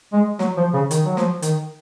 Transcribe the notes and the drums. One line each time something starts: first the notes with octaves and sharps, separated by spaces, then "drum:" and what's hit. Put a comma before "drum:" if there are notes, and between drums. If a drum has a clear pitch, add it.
G#3
F#3, drum: snare
F3
C#3
D#3, drum: hi-hat
F#3
F3, drum: snare
D#3, drum: hi-hat